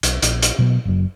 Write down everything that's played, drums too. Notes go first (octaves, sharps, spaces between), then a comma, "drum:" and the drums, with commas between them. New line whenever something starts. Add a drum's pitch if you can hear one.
B1, drum: hi-hat
A#1, drum: hi-hat
drum: hi-hat
B2 F#3 G3 B3
F#1 F#2